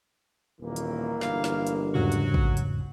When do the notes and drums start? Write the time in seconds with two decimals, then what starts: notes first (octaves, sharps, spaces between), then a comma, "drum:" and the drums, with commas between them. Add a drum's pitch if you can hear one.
0.60 D#1 B1 E3 A#3
0.76 drum: hi-hat
1.21 G1 F5, drum: snare
1.44 drum: snare
1.67 drum: hi-hat
1.95 E2 G#2 C#3 F#3 F#4
2.12 drum: hi-hat
2.34 drum: kick
2.57 drum: hi-hat